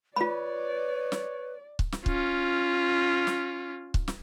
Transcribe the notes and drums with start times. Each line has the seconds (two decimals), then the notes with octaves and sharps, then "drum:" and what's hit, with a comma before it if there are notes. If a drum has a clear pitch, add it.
0.16 F4 B4 C#5 D5 B5
1.12 drum: snare
1.79 drum: kick C#1
1.92 drum: snare
2.06 C#4 F4, drum: kick C#1
3.27 drum: snare
3.94 drum: kick C#1
4.08 drum: snare